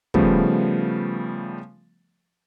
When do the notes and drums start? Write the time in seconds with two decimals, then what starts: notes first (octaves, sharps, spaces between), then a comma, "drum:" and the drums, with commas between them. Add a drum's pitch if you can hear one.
0.14 C#3 F3 G3 A3 B3, drum: kick